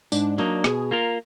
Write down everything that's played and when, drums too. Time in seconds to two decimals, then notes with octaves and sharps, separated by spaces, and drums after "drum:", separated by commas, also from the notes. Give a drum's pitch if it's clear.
0.12 G#2 D4, drum: tambourine
0.38 F#3 A#3 D4 D#4
0.64 B2 G#4, drum: snare
0.91 A#3 F4 A#4